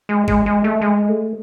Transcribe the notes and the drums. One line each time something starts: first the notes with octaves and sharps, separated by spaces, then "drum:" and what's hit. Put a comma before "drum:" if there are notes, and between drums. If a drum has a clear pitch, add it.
G#3
G#3, drum: kick G1
G#3
A3
G#3
A3